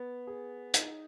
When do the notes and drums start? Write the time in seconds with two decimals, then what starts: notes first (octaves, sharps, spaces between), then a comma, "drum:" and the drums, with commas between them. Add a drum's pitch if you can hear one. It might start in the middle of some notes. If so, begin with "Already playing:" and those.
Already playing: B3
0.27 G#4
0.74 D#4, drum: hi-hat